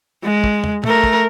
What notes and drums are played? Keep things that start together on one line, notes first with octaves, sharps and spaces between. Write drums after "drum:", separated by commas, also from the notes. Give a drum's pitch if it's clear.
G#3
drum: kick
drum: tom
A3 A#4, drum: tom
drum: kick